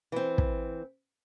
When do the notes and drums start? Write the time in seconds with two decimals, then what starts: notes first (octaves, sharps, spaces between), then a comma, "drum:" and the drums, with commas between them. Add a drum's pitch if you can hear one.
0.12 E3 C4
0.38 drum: kick